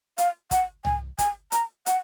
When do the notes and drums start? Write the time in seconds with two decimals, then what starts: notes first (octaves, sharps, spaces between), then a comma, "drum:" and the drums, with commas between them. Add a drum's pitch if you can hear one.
0.18 F5, drum: hi-hat
0.51 F#5, drum: kick, hi-hat
0.85 G#5, drum: tom C2
1.18 G#5, drum: kick, hi-hat
1.52 A#5, drum: hi-hat
1.86 F#5, drum: hi-hat